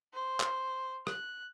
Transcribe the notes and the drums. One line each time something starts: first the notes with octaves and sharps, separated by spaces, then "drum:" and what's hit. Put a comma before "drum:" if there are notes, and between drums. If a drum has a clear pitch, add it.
C5
drum: clap
F#6, drum: rim click